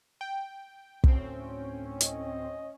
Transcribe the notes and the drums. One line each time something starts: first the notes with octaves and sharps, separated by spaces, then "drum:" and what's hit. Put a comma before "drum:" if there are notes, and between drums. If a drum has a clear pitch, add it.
G5
D2 A2 C4 C#4, drum: kick
D#5, drum: hi-hat